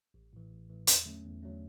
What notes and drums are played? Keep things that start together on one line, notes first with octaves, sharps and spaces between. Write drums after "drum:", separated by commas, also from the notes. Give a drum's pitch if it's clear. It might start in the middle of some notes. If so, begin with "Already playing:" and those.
A1
A2 E3
A1
A2 E3
E2, drum: hi-hat
D3 F#3 A3 C#4
E2
D3 F#3 A3 C#4